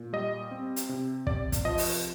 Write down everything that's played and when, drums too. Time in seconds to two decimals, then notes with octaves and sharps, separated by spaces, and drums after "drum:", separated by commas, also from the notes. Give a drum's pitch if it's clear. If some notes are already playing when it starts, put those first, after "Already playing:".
Already playing: A#2
0.13 G3 D#5
0.51 C4
0.76 drum: hi-hat
0.89 C3
1.27 C3 D5, drum: kick
1.52 drum: kick, hi-hat
1.65 F3 D#5
1.78 drum: open hi-hat